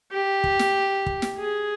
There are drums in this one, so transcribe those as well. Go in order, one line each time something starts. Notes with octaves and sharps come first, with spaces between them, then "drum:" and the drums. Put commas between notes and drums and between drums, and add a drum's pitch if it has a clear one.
G4
drum: kick
drum: snare
drum: kick
drum: snare
G#4